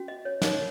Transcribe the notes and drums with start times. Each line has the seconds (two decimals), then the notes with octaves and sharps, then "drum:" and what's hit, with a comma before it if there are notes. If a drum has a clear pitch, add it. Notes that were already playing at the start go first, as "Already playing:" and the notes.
Already playing: C#4 F#4
0.08 D#5
0.25 C#5
0.42 D#4 A#4 C#5 D#5, drum: snare